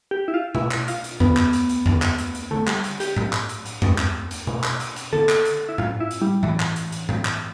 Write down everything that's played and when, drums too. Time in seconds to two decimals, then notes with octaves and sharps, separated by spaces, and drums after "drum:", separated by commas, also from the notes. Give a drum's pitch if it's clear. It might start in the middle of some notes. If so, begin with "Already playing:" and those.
0.11 G4
0.28 E4
0.34 F4
0.55 E4, drum: tom B2
0.71 drum: clap
0.88 F4, drum: hi-hat
1.04 drum: hi-hat
1.20 B3, drum: tom F2
1.37 drum: clap
1.53 drum: hi-hat
1.69 drum: hi-hat
1.86 drum: tom F2
2.02 drum: clap
2.18 drum: hi-hat
2.35 drum: hi-hat
2.51 A3, drum: tom D3
2.67 G3, drum: clap
2.84 drum: hi-hat
3.00 G4, drum: hi-hat
3.17 drum: tom A2
3.33 drum: clap
3.49 drum: hi-hat
3.66 drum: hi-hat
3.82 drum: tom F2
3.98 drum: clap
4.31 drum: hi-hat
4.47 drum: tom B2
4.64 drum: clap
4.80 drum: hi-hat
4.96 drum: hi-hat
5.13 A4, drum: tom D3
5.29 drum: clap
5.45 drum: hi-hat
5.69 E4
5.78 F4, drum: tom A2
6.00 E4
6.11 drum: hi-hat
6.21 G3
6.43 E3, drum: tom A2
6.60 drum: clap
6.76 drum: hi-hat
6.92 drum: hi-hat
7.09 drum: tom A2
7.25 drum: clap